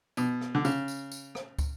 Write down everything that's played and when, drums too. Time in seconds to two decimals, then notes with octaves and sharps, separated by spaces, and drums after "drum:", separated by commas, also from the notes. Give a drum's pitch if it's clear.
0.17 B2, drum: tambourine
0.41 drum: rim click
0.55 D3
0.65 C#3, drum: tambourine
0.88 drum: tambourine
1.12 drum: tambourine
1.35 drum: rim click
1.59 drum: kick, tambourine